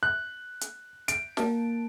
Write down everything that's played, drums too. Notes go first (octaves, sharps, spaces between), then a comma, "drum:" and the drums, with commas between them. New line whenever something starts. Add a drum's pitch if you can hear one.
F#6
drum: hi-hat
D7, drum: hi-hat
A#3 A5, drum: snare